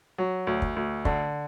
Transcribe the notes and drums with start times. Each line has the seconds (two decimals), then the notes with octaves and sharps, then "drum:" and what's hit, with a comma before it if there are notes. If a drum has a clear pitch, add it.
0.18 F#3
0.47 D2
0.62 drum: kick
0.76 D2
1.05 D3, drum: kick